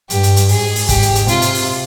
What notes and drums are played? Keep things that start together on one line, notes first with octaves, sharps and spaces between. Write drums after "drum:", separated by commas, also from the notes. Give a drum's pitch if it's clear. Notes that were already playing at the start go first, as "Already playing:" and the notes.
G2 G4, drum: hi-hat
drum: hi-hat
drum: hi-hat
G#2 G#4, drum: open hi-hat
drum: open hi-hat
G#2 G4, drum: kick, hi-hat
drum: hi-hat
drum: hi-hat
C3 F4, drum: hi-hat
drum: hi-hat
drum: open hi-hat